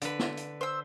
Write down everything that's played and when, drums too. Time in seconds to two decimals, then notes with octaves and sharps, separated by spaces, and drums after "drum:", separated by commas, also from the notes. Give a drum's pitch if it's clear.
0.02 D3 B4, drum: hi-hat
0.19 drum: snare
0.37 drum: hi-hat
0.61 C5 E6